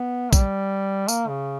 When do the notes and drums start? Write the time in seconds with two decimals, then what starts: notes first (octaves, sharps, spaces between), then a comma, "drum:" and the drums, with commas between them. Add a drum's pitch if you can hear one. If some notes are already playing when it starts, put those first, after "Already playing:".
Already playing: B3
0.33 G3, drum: kick, tambourine
1.08 A#3, drum: tambourine
1.28 C#3